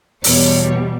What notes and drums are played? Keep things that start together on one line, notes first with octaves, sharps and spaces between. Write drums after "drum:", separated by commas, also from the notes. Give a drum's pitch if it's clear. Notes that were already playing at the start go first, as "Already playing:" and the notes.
E2 B2 G3 C#5, drum: open hi-hat